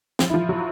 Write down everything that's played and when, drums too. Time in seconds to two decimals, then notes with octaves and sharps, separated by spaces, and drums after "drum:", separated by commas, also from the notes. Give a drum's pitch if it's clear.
0.19 F3 F4, drum: snare
0.30 E4
0.34 F3 F4
0.49 F#3 F#4